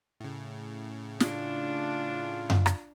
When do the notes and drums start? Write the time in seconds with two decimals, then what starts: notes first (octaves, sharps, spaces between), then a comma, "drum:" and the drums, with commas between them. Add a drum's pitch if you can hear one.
0.20 A2 C#3
1.20 D4 F4, drum: snare
2.50 drum: tom F#2
2.66 drum: rim click